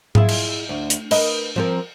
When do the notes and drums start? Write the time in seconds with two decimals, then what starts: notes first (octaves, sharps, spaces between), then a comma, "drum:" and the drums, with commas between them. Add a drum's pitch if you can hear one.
0.15 E4 F4 G#4, drum: tom G#2
0.28 drum: cymbal
0.69 D2
0.90 drum: hi-hat
1.11 A#4 B4 D#5, drum: cymbal
1.56 F3 C4 A#4